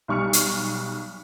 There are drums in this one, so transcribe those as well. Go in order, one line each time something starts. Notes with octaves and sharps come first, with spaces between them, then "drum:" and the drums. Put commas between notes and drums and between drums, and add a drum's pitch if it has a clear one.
B1 G3 C#6 F6 C#7
drum: hi-hat